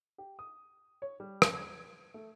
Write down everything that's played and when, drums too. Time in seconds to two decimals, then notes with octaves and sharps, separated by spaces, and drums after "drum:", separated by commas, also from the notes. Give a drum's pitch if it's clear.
0.18 G4
0.39 D#6
1.02 C#5
1.20 G3
1.42 drum: rim click
1.57 G#6
2.14 A3